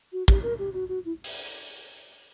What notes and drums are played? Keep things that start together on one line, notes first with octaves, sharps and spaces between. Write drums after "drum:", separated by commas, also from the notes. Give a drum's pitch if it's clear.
F#4
G4, drum: kick
A#4
G4
F#4
F#4
E4
drum: open hi-hat